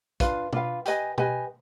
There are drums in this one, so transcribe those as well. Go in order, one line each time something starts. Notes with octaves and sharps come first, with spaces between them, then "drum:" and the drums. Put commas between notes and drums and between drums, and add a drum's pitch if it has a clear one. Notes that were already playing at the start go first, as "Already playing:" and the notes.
D4 F4 B4 F5, drum: kick, hi-hat
D4 F4 B4 F5, drum: tom
G4 B4 D#5 G#5, drum: hi-hat
G4 B4 D#5 G#5, drum: tom